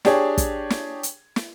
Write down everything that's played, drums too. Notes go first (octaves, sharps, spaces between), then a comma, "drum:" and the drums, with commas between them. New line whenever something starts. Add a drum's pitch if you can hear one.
D4 G4 G#4 C#5, drum: snare
drum: kick, hi-hat
drum: snare
drum: hi-hat
drum: snare